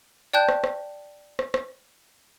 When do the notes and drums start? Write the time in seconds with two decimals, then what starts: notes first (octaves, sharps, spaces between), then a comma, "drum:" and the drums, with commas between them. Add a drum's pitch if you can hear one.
0.33 D5 G5 A5 F#6 G6
0.49 drum: rim click
0.64 drum: rim click
1.39 drum: rim click
1.54 drum: rim click